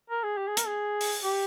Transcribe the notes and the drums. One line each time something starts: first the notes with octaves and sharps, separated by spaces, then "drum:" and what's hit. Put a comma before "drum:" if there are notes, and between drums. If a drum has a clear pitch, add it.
A#4
G#4
G4
G#4
A#4, drum: hi-hat
G#4
drum: open hi-hat
G4